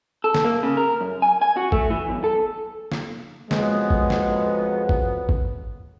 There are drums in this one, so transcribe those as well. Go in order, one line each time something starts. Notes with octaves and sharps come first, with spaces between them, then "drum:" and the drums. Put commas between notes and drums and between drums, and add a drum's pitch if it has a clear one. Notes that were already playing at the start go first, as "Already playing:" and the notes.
A4
drum: snare
A#3
C#3
A#4
F#2
G#5
G#5
F#4
A3, drum: kick
E3
B1
A4
drum: snare
F2 F#3 G#3 B3, drum: snare
drum: kick
drum: snare
drum: kick
drum: kick